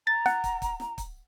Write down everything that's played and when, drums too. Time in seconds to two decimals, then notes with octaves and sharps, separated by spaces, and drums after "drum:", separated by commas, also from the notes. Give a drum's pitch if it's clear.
0.07 A#5 A6
0.26 F#5, drum: snare
0.44 drum: kick, hi-hat
0.62 drum: kick, hi-hat
0.80 drum: snare
0.98 drum: kick, hi-hat